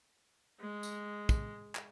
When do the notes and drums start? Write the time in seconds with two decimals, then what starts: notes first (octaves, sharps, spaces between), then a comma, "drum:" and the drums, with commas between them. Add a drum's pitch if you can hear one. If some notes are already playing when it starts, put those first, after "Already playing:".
0.60 G#3
0.83 drum: tambourine
1.29 drum: kick, tambourine
1.75 drum: clap